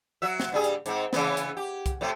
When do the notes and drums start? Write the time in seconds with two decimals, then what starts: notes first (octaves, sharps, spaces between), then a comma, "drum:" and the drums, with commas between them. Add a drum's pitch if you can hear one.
0.22 F#3 F#4 E5
0.40 drum: snare
0.52 G2 G3 G#4
0.64 drum: hi-hat
0.86 G#2 C4, drum: hi-hat
1.13 C#3 E3 B3, drum: snare
1.37 drum: hi-hat
1.57 G4
1.86 drum: kick, hi-hat
2.01 A2 C3 A3